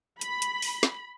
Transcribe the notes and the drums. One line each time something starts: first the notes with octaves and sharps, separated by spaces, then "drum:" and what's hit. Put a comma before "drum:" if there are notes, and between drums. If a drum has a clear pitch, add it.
B5, drum: hi-hat
drum: hi-hat
drum: open hi-hat
drum: snare